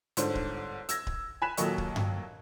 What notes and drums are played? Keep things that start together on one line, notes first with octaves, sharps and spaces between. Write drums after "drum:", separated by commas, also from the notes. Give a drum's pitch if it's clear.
G1 G#2 D3 C5, drum: hi-hat
drum: kick D1
E6 G#6 A#6, drum: hi-hat
drum: kick D1
G#5 B5 F#6 B6 E7
D#2 A#2 F#3 A4 D#5 C#6, drum: hi-hat
drum: kick D1
drum: tom G2